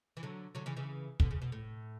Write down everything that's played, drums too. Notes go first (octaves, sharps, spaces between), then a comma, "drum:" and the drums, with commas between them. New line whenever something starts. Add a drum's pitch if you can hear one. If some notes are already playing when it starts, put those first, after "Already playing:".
E3
D3 F#3
D3 F#3
C#3 E3
C#3 E3
B2 D3, drum: kick
C#3
B2
A2